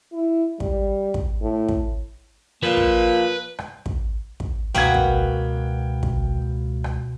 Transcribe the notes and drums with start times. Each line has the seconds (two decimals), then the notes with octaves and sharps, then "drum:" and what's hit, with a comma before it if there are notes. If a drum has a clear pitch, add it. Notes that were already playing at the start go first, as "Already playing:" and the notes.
0.13 E4
0.60 G3, drum: kick
1.14 drum: kick
1.41 A2
1.69 drum: kick
2.63 A#2 F3 A#3 B4
2.77 drum: kick
3.59 drum: rim click
3.86 drum: kick
4.40 drum: kick
4.75 C#2 B2 A#3 F#4 B4 G5 G#6
4.94 drum: kick
6.03 drum: kick
6.84 drum: rim click